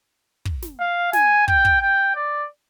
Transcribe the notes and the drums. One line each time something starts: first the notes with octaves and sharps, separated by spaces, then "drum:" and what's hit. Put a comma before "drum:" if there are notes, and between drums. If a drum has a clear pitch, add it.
drum: kick
drum: snare
F5
G#5, drum: snare
G5, drum: kick
drum: kick
G5
D5